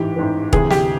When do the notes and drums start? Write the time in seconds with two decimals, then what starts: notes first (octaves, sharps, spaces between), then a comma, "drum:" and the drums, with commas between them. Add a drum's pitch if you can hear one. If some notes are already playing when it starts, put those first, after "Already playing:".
Already playing: A1 G#2 E3 G4
0.16 A1 G#2 E3
0.53 D2 C3 E3 G#4, drum: kick E1
0.70 G4, drum: snare